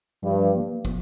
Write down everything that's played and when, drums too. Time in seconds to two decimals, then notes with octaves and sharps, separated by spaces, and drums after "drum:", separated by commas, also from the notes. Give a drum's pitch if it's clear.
0.23 G2 F3
0.55 A#3
0.85 F3, drum: kick